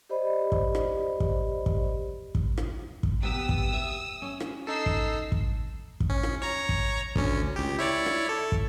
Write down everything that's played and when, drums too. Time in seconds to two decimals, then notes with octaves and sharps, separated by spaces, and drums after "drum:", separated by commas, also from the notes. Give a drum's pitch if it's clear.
0.09 G4 C5 D5 D#5 B5
0.52 drum: kick
0.75 drum: rim click
1.20 drum: kick
1.66 drum: kick
2.35 drum: kick
2.58 drum: rim click
3.03 drum: kick
3.23 C3 B3 G4 D#6 E6
3.49 drum: kick
3.73 E5
4.22 C#4
4.40 drum: rim click
4.67 D#4 A4 E6 C7
4.86 drum: kick
5.32 drum: kick
6.00 drum: kick
6.10 C#4
6.23 drum: rim click
6.42 C#5 A#5
6.69 drum: kick
7.16 D2 C#4, drum: kick
7.56 C#2 G4
7.79 E4 C#5 D5
8.06 drum: rim click
8.29 A4
8.52 drum: kick